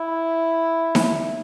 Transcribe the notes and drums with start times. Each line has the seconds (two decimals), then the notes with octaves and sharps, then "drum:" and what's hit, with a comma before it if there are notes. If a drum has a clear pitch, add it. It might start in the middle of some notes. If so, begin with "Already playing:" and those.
Already playing: E4
0.95 drum: snare D#4